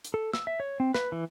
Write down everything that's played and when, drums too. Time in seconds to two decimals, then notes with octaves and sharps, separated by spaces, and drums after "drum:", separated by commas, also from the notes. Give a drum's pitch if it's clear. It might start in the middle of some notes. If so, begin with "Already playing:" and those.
0.04 drum: hi-hat
0.14 A4
0.33 E6, drum: snare
0.47 E5
0.60 C#5
0.80 C4
0.94 B4, drum: snare
1.12 E3